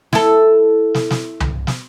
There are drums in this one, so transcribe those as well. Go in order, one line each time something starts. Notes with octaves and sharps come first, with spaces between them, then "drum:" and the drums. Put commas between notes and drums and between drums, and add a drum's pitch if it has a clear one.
E4 A4, drum: snare
drum: snare
drum: snare
drum: tom C2
drum: snare